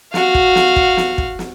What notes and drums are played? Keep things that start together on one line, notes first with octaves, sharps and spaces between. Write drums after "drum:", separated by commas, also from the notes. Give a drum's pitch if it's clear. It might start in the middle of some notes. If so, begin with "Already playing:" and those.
F#4 F5, drum: snare
drum: kick
drum: snare
drum: kick
drum: snare
drum: kick
drum: snare